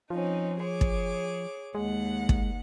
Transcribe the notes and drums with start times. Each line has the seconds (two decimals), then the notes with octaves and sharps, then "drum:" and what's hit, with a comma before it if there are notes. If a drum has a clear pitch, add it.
0.10 F3 C4 C#4 D#4
0.60 G#4 C#5 D6
0.81 drum: kick
1.75 D#2 G#3 F#5
2.29 drum: kick